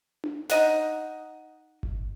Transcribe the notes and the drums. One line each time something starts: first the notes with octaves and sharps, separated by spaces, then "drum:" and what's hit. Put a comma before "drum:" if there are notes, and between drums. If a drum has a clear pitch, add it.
drum: tom D4
D#4 D#5 F#5, drum: snare
drum: kick G1